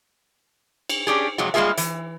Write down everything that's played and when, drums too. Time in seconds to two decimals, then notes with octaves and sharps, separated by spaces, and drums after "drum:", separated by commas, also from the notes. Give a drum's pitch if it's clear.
0.89 drum: cymbal
1.07 C#4 D4 G4 G#4
1.38 F2 C3 F#3 G#3
1.54 G3 G#3 A#3 F4 G#4 E5
1.77 E3, drum: hi-hat